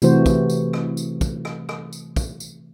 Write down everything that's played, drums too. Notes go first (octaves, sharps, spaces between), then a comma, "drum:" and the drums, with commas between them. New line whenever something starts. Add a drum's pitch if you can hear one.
C3 E3 A3 F#4 C5, drum: tambourine
drum: kick, tambourine
drum: tambourine
drum: rim click
drum: tambourine
drum: kick, tambourine
drum: rim click
drum: rim click
drum: tambourine
drum: kick, tambourine
drum: tambourine